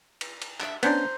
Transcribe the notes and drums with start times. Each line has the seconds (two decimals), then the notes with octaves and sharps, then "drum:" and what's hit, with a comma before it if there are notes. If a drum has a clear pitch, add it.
0.21 drum: cymbal
0.42 drum: cymbal
0.60 D4 E5, drum: clap
0.83 B3 C#4 D4 C5 A#5 C6, drum: cymbal